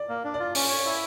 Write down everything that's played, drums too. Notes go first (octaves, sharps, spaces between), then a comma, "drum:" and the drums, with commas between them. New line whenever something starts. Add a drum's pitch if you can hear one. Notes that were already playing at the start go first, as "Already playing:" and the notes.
Already playing: D5
A#3
D4
D5
F4
C#4, drum: open hi-hat
C#5
E4